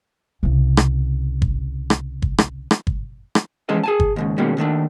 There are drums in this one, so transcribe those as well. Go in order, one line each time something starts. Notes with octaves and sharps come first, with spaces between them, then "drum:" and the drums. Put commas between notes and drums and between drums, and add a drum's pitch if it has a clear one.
C2 C#3
drum: rim click
drum: kick G1
drum: rim click
drum: kick G1
drum: rim click
drum: rim click
drum: kick G1
drum: rim click
E3 F3 G#3 C#4 A4 D#5
G#4 G#5 A5
drum: kick G1
D#2 G#2 C#3
B2 D#3 G3 G#3 A#3 C#4
D#2 D#3 A3 D4